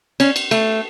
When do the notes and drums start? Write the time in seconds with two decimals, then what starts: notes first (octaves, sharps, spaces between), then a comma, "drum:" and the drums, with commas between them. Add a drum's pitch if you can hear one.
0.20 C#4, drum: cymbal
0.36 drum: cymbal
0.51 A3, drum: cymbal